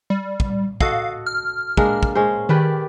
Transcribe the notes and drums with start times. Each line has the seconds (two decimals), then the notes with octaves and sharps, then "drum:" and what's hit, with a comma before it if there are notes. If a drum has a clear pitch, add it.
0.10 G3
0.40 drum: kick
0.81 F#4 A4 D#5 F5, drum: kick
1.26 F6
1.77 G#3 A#3 D4, drum: kick
2.03 drum: kick
2.15 G#3 C#4 C5
2.49 D#3 G4 B4 D5